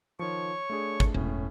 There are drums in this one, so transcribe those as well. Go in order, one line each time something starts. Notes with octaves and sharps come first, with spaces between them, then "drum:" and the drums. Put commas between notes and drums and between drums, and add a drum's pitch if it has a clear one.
D#3 F3 C#5 C#6
A3 D4 G#4
drum: kick
E1 A2 C#4